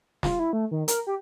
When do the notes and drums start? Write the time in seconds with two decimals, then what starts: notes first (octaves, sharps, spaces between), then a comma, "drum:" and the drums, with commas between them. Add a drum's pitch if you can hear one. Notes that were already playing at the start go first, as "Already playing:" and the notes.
0.23 F4, drum: snare
0.39 E4
0.53 A3
0.71 D#3
0.88 A#4, drum: hi-hat
1.07 G4